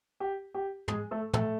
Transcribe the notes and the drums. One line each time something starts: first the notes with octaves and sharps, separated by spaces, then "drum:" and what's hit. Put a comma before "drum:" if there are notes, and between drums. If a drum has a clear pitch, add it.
G4
G4
G#3 G#4, drum: tom
A3 A4
A3 A4, drum: tom